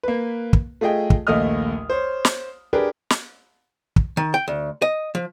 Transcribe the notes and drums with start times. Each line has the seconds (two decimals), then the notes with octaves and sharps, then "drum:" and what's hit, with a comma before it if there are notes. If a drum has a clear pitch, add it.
0.03 A#3 B4
0.53 drum: kick
0.81 A3 F4 G#4 D#5 G5
1.10 drum: kick
1.27 A#1 D#2 A3 D#5 D#6 F6
1.90 C5 C#5
2.25 drum: snare
2.73 D4 G4 G#4 A#4 B4
3.10 drum: snare
3.96 drum: kick
4.17 D#3
4.34 G5
4.48 D2
4.82 D#5
5.15 F3